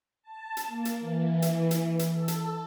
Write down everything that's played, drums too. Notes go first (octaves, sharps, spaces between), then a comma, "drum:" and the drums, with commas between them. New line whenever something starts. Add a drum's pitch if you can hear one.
A5
drum: hi-hat
A#3
drum: hi-hat
E3
drum: hi-hat
drum: hi-hat
drum: hi-hat
A4
drum: hi-hat